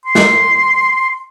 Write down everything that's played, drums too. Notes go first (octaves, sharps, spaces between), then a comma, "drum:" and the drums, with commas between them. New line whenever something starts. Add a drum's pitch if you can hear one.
C6
drum: snare